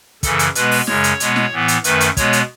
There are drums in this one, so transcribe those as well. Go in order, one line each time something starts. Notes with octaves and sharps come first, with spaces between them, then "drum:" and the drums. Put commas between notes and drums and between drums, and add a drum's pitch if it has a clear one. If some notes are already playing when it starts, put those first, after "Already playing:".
F#2 C#3 E3 A4, drum: kick, hi-hat
drum: hi-hat
B2 G#3 B3 B4, drum: hi-hat
drum: open hi-hat
F#2 C#3 G#3 C#5, drum: snare
drum: hi-hat
B2 G#3 B3, drum: hi-hat
drum: snare
A2 E3 B3
drum: hi-hat
F#2 D#3 A3 B4, drum: hi-hat
drum: hi-hat
B2 G#3 B3 C#5, drum: kick, hi-hat
drum: hi-hat